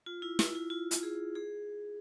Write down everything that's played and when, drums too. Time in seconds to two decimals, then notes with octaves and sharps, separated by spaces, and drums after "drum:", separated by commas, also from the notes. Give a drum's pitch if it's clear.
0.06 F4
0.22 E4
0.39 E4, drum: snare
0.55 E4
0.70 F4
0.91 drum: hi-hat
1.03 G#4
1.35 G#4